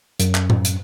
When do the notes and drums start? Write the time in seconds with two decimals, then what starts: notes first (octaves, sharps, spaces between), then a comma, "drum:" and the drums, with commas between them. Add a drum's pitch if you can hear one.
0.20 F#2, drum: hi-hat
0.35 drum: clap
0.50 drum: tom A2
0.65 drum: hi-hat